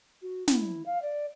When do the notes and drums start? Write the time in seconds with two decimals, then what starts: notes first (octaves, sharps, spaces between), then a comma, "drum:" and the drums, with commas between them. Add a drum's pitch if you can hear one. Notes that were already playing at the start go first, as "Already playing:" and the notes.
0.22 F#4
0.48 E4, drum: snare
0.86 F5
1.02 D5